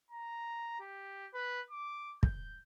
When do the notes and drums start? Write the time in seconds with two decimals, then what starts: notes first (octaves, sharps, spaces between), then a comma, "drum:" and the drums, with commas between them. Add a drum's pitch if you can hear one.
0.11 A#5
0.80 G4
1.34 B4
1.71 D6
2.23 G6, drum: kick